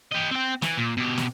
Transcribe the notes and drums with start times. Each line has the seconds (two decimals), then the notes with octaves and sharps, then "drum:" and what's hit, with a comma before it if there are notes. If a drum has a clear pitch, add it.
0.12 G4 D#5
0.31 C4 G5
0.62 E3, drum: snare
0.77 A#2
0.97 B2 G4
1.18 drum: snare